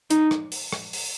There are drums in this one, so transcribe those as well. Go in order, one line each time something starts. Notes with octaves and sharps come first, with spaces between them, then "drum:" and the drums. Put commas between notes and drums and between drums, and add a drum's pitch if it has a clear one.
D#4, drum: hi-hat
drum: rim click
drum: open hi-hat
drum: rim click
drum: open hi-hat